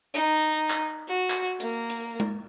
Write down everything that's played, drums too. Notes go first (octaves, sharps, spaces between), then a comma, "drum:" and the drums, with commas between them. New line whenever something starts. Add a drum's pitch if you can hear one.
D#4
drum: clap
F#4
drum: clap
A#3, drum: hi-hat
drum: hi-hat
drum: tom G#3